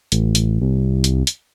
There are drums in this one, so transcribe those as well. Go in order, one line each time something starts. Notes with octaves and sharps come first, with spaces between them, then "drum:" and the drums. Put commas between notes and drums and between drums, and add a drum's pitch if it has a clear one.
A1, drum: hi-hat
drum: hi-hat
C2
drum: hi-hat
drum: hi-hat